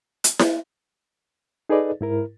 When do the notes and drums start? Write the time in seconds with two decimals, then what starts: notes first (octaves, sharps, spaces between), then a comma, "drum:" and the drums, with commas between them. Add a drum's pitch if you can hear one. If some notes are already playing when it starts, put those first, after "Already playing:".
0.24 drum: hi-hat
0.39 drum: snare E4
1.69 D#4 G#4 A4 B4 D5 D#5
2.01 G#2 E4 A#4